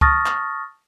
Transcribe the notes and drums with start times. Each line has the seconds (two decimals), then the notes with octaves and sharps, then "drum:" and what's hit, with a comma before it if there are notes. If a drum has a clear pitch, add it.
0.01 A5 C#6 D#6 F6 A6 A#6, drum: kick C#2
0.26 drum: clap